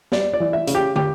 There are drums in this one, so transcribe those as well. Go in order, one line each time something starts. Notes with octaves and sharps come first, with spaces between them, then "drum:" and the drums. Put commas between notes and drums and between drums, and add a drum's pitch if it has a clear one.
G3 D5, drum: snare
D5
E3
E5
C#3, drum: hi-hat
G4
G4, drum: tom